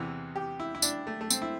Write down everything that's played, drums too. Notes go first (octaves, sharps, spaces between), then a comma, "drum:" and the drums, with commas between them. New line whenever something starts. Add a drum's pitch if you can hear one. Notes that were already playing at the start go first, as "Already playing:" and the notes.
Already playing: E2 C3 E3
G4
E4
E4
D4, drum: tambourine
A3
A3
C4, drum: tambourine
E4